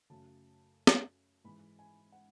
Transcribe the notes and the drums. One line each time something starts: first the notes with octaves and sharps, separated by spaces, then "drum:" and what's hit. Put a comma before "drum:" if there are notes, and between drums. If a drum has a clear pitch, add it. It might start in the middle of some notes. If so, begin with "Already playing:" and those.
F#2 C#3 F#3 A3 A5
drum: snare
G#2 E3 G#3 B5
G#5
F#5